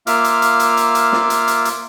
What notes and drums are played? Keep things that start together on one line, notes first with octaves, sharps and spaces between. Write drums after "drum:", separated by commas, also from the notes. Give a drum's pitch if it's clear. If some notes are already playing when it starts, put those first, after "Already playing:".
A#3 F4 E5 F5 D6 F6, drum: hi-hat
drum: hi-hat
drum: hi-hat
drum: hi-hat
drum: hi-hat
drum: hi-hat
drum: snare
drum: hi-hat
drum: hi-hat
drum: hi-hat